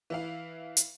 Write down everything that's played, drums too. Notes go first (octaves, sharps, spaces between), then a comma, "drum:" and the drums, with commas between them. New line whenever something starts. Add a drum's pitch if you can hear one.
E3 E4 F5
drum: hi-hat